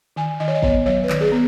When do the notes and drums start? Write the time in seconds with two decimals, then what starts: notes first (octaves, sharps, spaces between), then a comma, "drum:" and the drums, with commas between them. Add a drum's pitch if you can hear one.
0.16 D#3 G#5
0.40 D#3 D#5
0.48 C#5
0.55 D#5
0.63 B3 C#5, drum: kick
0.86 F#3 C#5
1.04 B4
1.09 D#3, drum: clap
1.21 G#4
1.32 B3